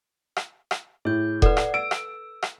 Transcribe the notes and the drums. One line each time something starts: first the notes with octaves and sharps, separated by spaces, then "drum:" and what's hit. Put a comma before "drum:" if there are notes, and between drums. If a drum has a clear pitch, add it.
drum: rim click
drum: rim click
A2 G#4 G6
A4 B4 D5 F#5, drum: kick E1
drum: rim click
E6 D7
drum: rim click
drum: rim click